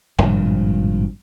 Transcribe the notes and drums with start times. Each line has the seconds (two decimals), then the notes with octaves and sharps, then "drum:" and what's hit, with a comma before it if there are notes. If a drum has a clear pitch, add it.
0.19 G#1 G2 A#2 F3, drum: tom